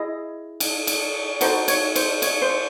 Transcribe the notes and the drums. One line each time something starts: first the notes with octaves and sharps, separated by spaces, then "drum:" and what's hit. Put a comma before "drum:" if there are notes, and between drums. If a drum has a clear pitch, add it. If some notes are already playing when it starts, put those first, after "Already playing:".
Already playing: E4 G#4 D#5
drum: cymbal
drum: cymbal
D#4 F#4 A4 C5, drum: cymbal
C#5, drum: cymbal
C5, drum: cymbal
C#5, drum: cymbal
C5